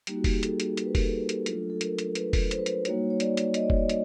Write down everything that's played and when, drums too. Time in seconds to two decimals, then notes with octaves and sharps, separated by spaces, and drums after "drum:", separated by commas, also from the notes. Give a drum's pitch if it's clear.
0.07 G3 A#3 D#4 G4, drum: hi-hat
0.16 F#4
0.24 G4, drum: kick F1, open hi-hat
0.33 G#4
0.43 A4, drum: hi-hat
0.60 drum: hi-hat
0.77 A#4, drum: hi-hat
0.85 B4
0.95 A#4, drum: kick F1, open hi-hat
1.03 A4
1.29 drum: hi-hat
1.46 F#3 A3 D4 F4, drum: hi-hat
1.70 A4
1.81 A#4, drum: hi-hat
1.99 drum: hi-hat
2.15 B4, drum: hi-hat
2.33 drum: kick F1, open hi-hat
2.51 C5, drum: hi-hat
2.59 B4
2.66 C5, drum: hi-hat
2.85 G3 A#3 D#4 F#4 C#5, drum: hi-hat
3.10 C#5
3.20 D5, drum: hi-hat
3.37 drum: hi-hat
3.54 D#5, drum: hi-hat
3.62 D5
3.70 C#5, drum: kick F1
3.77 D5
3.89 drum: hi-hat